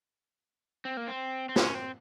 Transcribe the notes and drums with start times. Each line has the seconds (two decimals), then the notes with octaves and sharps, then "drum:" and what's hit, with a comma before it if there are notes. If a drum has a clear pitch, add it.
0.85 C4
0.97 A#3
1.08 C4
1.49 C4
1.56 C#4, drum: snare
1.74 C4